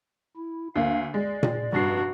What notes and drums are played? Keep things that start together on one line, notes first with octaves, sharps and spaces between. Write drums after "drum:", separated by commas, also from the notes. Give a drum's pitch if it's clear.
E4
D2 A#3 F5
G#3 D5
drum: tom A#2
F1 G2 F#4 C7